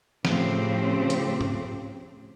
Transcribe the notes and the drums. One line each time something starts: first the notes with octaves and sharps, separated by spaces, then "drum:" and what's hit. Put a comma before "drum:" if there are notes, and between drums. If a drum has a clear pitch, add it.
A2 C#3 F3 C4 G4, drum: snare
drum: hi-hat
drum: tom G#2